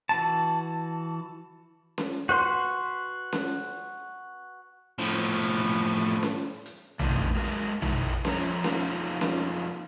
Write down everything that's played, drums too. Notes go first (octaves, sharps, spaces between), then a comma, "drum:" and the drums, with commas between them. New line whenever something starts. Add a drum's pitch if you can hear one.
E3 F#4 A5
drum: snare C#4
F#4 B4 C6
drum: snare C#4
A2 F3
drum: snare C#4
drum: hi-hat
F2 A2 C3 E3 D4 D#4, drum: tom A#1
F#3 G#3 A#4
B2 D#4 E4, drum: tom A#1
F2 F3 C#5 A#5, drum: snare C#4
F2 A#3 D#4 F4, drum: snare C#4
drum: snare C#4